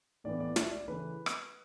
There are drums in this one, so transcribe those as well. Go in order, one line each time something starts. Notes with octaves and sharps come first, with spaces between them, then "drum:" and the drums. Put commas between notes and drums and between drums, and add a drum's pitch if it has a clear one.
A2 E3 B3 D5
D5
E5, drum: snare
D5
C#3 E3 A3 B4
drum: rim click